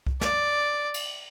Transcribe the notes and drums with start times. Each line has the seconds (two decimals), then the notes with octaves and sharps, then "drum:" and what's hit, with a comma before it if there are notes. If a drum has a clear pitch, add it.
0.07 drum: kick C2
0.21 D5, drum: snare
0.94 drum: cymbal